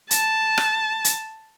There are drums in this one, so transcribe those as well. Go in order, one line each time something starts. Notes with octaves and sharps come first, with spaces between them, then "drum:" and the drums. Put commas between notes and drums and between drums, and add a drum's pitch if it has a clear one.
A5, drum: hi-hat
drum: rim click
drum: hi-hat